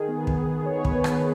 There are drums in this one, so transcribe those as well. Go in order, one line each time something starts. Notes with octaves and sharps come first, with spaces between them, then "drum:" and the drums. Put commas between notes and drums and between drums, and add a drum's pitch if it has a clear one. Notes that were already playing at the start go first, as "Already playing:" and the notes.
Already playing: D#3 G#4
B3
drum: kick
B3
B3 C#5
B4, drum: kick
B3
drum: rim click